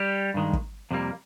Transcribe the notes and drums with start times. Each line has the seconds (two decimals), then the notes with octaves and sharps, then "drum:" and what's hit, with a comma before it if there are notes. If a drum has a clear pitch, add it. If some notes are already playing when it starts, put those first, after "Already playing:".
Already playing: G3 G4
0.34 G2 D#3 G#3
0.53 drum: kick
0.91 F2 C3 G3 A#3